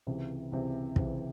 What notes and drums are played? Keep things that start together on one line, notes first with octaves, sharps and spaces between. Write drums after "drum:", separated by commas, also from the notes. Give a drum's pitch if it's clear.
C#2 C3 E3
C#2 C3 E3
C#2 C3 E3, drum: kick